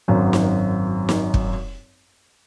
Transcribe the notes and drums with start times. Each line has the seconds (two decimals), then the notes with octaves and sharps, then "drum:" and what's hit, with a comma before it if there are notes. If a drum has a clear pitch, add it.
0.08 G#1 F#2 F#3
0.33 drum: snare
1.09 drum: snare
1.34 drum: kick